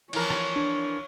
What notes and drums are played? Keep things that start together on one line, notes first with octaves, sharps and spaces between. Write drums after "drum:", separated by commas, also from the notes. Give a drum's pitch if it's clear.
E3 F3 A#4 C#5, drum: cymbal
drum: rim click
D4